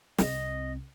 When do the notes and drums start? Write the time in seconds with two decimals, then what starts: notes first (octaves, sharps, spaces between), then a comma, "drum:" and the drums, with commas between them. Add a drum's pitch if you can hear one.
0.18 C2 C4 D#5, drum: snare